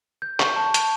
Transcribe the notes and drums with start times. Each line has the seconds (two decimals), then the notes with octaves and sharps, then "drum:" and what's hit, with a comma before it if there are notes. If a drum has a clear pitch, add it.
0.22 G6
0.40 C#6, drum: clap
0.56 A5
0.74 A5, drum: hi-hat